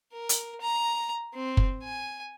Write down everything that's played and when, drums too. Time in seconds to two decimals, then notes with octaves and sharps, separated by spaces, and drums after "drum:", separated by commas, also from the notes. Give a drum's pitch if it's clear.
0.13 A#4
0.29 drum: hi-hat
0.61 A#5
1.34 C4
1.57 drum: kick F#1
1.83 G#5